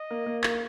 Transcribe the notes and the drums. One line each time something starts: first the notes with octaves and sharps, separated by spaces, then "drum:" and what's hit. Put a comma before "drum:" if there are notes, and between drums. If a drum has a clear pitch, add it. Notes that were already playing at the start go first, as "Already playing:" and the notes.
Already playing: D#5
A#3
A#3
A#3, drum: clap